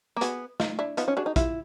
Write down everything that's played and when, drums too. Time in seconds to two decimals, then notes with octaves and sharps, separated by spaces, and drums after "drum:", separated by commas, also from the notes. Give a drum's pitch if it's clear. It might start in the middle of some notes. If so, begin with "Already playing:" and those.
0.16 A#3
0.21 B3 F#4 G#4, drum: hi-hat
0.60 D#4 F4, drum: snare
0.79 D4 E4
0.97 B3 D#4 F4, drum: hi-hat
1.08 C#4
1.17 D4 F#4 G#4
1.26 D#4
1.36 E4 F4 G4, drum: kick A#1, hi-hat